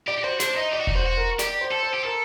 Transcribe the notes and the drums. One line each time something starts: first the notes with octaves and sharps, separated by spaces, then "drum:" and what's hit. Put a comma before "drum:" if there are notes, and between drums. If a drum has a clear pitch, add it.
G4 D5
G4
F#4 C5
D4 C5, drum: snare
D#4 D#5
G4 D5
F#4
D#4, drum: kick E1
F#4 C5
F#4
A#4
G4 D5, drum: snare
C5
A4
C5
G4
A4 A#4